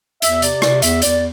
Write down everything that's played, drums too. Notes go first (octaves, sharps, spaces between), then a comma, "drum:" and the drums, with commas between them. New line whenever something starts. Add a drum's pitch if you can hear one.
E2 E5, drum: hi-hat
C3 D5, drum: hi-hat
C3 D5, drum: rim click
E2 E5, drum: hi-hat
E2 D5, drum: hi-hat